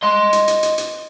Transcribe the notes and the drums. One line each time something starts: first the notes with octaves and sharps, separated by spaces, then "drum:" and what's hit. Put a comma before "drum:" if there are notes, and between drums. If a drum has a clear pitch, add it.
D#5 C6
drum: hi-hat
drum: hi-hat
drum: hi-hat
drum: hi-hat